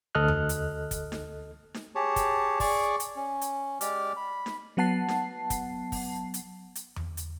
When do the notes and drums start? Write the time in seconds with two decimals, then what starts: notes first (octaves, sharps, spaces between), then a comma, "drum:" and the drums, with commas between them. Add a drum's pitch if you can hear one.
0.15 D2 A4 D#5 F6 F#6
0.28 drum: tom E2
0.49 drum: hi-hat
0.91 drum: kick, hi-hat
1.12 drum: snare D#4
1.74 drum: snare D#4
1.95 G4 G#4 C#5 A5
2.16 drum: kick, hi-hat
2.60 G#4 D5 C#6 D6, drum: kick, open hi-hat
3.00 drum: hi-hat
3.16 C#4
3.41 drum: hi-hat
3.81 G#3 G4 D5 D6 F6, drum: hi-hat
4.17 B5
4.46 drum: snare D#4
4.77 F#3 B3 F#5 A5 C7
5.08 drum: snare D#4
5.50 drum: kick, hi-hat
5.92 drum: kick, open hi-hat
6.34 drum: hi-hat
6.75 drum: hi-hat
6.96 drum: tom E2
7.17 drum: hi-hat